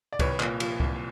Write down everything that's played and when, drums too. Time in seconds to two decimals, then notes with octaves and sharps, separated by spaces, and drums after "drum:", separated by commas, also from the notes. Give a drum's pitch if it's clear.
0.13 D5
0.19 C2 B4 C#5, drum: kick C#2, cymbal
0.40 A#2, drum: clap
0.60 F3, drum: cymbal
0.80 C2, drum: kick C#2